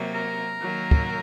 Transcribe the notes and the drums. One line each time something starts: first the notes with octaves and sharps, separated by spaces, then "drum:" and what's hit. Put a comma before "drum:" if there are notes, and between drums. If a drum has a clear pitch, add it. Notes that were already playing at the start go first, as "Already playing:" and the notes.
Already playing: C3 F#3 A#3
A#4
D#3 F#3 A#3
drum: kick